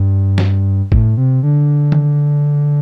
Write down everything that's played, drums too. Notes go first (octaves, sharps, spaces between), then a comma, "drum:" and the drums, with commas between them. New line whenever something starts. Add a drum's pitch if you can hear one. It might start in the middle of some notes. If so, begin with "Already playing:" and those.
Already playing: G2
drum: snare
A2, drum: kick
C3
D3
drum: tom D#3